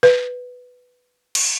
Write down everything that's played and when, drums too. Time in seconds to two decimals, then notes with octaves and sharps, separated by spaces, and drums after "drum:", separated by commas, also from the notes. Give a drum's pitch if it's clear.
0.03 B4
1.35 drum: cymbal